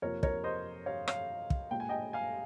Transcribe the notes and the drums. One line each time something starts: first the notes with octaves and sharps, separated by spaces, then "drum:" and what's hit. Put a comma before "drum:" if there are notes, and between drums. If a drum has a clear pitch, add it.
F2 C3 F3 A#3 A#4 C#5
A#4 C#5, drum: kick
C5 D#5
C#5 F5
C#5 F5, drum: rim click
drum: kick
A#2 G#3 G5
G#5
D#5 G5
F5 G#5